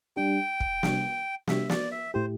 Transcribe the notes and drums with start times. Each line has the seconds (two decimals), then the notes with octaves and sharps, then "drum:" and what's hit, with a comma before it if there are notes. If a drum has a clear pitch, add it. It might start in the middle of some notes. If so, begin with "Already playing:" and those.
0.16 G3 D4 G4 G5
0.60 drum: kick
0.83 C3 G3 D4, drum: snare
1.47 C3 G3 D4 G4 E5, drum: snare
1.70 D5, drum: snare
1.91 E5
2.14 A2 A3 E4 G4 C5